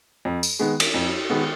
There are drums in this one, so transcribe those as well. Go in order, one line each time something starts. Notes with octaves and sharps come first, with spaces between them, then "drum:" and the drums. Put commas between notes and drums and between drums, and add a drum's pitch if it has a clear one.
F2
drum: tambourine
D#3 G#3 B3
drum: cymbal
F2
D#3 G#3 B3